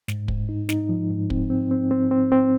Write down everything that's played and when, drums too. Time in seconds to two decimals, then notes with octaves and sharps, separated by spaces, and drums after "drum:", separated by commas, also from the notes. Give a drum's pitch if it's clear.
0.08 G#2, drum: snare
0.28 G#2, drum: kick
0.49 D#4
0.69 D#4, drum: snare
0.89 F3
1.10 G#2
1.30 C4, drum: kick
1.50 C4
1.71 C4
1.91 C4
2.11 C4
2.32 C4